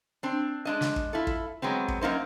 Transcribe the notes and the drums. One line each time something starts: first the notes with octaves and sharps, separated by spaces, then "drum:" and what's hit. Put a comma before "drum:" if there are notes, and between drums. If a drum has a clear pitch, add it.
C4 D4
G#3 D4 D#5
drum: snare
drum: kick
E4 F4 A4
drum: kick
F#3 G#3 B3 C4
drum: kick
F#2 A#3 D#4 C5